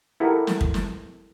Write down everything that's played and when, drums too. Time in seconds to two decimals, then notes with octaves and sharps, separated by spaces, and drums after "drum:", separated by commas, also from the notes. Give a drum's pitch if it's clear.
0.20 E4 G4 A4 A#4 F#5
0.47 drum: snare
0.61 drum: kick
0.74 drum: snare